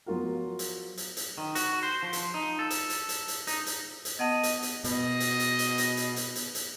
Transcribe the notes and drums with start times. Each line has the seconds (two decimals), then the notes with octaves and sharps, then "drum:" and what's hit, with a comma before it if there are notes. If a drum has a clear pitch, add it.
0.06 F3 F#3 B3 F4 F#4 A#4
0.59 drum: hi-hat
0.97 drum: hi-hat
1.17 drum: hi-hat
1.38 D#3
1.55 F#4, drum: hi-hat
1.83 C5
2.03 F3
2.13 drum: hi-hat
2.34 D#4
2.59 A4
2.70 drum: hi-hat
2.90 drum: hi-hat
3.09 drum: hi-hat
3.28 drum: hi-hat
3.47 D#4, drum: hi-hat
3.67 drum: hi-hat
4.05 drum: hi-hat
4.19 B3 D#5 F#5 A5
4.43 drum: hi-hat
4.63 drum: hi-hat
4.84 B2 D#5, drum: hi-hat
5.20 drum: hi-hat
5.39 drum: hi-hat
5.59 drum: hi-hat
5.78 drum: hi-hat
5.97 drum: hi-hat
6.16 drum: hi-hat
6.36 drum: hi-hat
6.55 drum: hi-hat